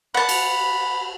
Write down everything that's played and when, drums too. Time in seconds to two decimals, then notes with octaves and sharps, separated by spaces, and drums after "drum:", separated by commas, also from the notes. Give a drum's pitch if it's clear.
0.14 F#5 A5 B5
0.29 drum: cymbal